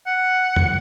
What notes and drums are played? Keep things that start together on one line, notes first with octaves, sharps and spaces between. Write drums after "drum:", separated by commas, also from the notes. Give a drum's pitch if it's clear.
F#5
drum: tom